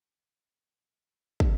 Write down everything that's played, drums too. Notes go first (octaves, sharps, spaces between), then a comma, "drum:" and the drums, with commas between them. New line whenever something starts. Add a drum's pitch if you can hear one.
A2 F3 C#4
A#2
drum: kick